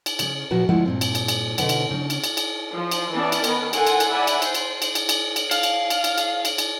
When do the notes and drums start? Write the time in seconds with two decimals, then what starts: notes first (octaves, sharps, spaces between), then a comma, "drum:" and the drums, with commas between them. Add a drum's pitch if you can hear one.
0.06 drum: cymbal
0.19 C#3 G#4, drum: cymbal
0.51 A#2 F3 F#4 B4 A5
0.69 D2 F3 G#3 B3 E4 F#5
0.86 G2 A#2 C4
1.01 drum: cymbal
1.15 drum: cymbal
1.28 drum: cymbal
1.58 B2 D3 B4 F#5, drum: cymbal
1.69 drum: cymbal
1.90 C#3 D4
2.10 drum: cymbal
2.24 drum: cymbal
2.37 drum: cymbal
2.72 F3
2.91 drum: cymbal
3.14 E3 B3 C#4 E4 D5 A5
3.32 drum: cymbal
3.44 D#3 B3 B4, drum: cymbal
3.73 A4 A#4 F#5 G#5 C6, drum: cymbal
3.87 drum: cymbal
4.00 drum: cymbal
4.10 D5 E5 F#5 G#5 B5
4.27 drum: cymbal
4.42 C5, drum: cymbal
4.55 drum: cymbal
4.82 drum: cymbal
4.95 drum: cymbal
5.09 drum: cymbal
5.36 drum: cymbal
5.51 F5, drum: cymbal
5.63 drum: cymbal
5.90 drum: cymbal
6.04 drum: cymbal
6.18 drum: cymbal
6.45 drum: cymbal
6.58 drum: cymbal